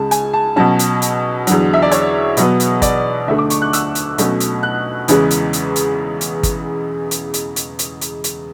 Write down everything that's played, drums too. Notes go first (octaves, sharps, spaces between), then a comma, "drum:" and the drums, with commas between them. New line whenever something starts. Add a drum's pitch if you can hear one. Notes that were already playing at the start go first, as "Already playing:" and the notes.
Already playing: C#2 C#3 G#3 A5
G#5, drum: hi-hat
A5
B2 F#3 C#4 A5
drum: hi-hat
drum: hi-hat
E2 D3 F#3, drum: hi-hat
E5
D5
C#5, drum: hi-hat
B2 F#3 B3, drum: hi-hat
drum: hi-hat
D5, drum: kick, hi-hat
D2 D3 A3 D4 E5
D6
C#6, drum: hi-hat
F#6
E6, drum: hi-hat
drum: hi-hat
B2 F#3 A3 C#4, drum: hi-hat
drum: hi-hat
F#6
E2 C#3 E3 G#3 C#4, drum: hi-hat
drum: hi-hat
drum: hi-hat
drum: hi-hat
drum: hi-hat
drum: kick, hi-hat
drum: hi-hat
drum: hi-hat
drum: hi-hat
drum: hi-hat
drum: hi-hat
drum: hi-hat